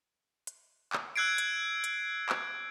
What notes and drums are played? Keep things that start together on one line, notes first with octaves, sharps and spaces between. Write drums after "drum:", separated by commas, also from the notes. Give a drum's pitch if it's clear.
drum: hi-hat
drum: clap
E6 F#6 G#6 C7 D7
drum: hi-hat
drum: hi-hat
drum: clap